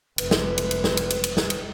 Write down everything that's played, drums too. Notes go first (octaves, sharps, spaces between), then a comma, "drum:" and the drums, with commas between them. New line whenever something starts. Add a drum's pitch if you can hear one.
F1 B4, drum: cymbal
drum: snare
drum: cymbal
drum: cymbal
drum: snare
drum: cymbal
drum: cymbal
drum: cymbal
drum: snare
drum: cymbal